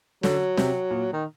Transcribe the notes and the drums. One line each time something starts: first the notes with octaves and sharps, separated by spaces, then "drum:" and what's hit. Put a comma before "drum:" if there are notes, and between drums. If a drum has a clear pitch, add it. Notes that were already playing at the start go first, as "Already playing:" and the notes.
D3 F#3, drum: snare
C3, drum: snare
A#2
D#3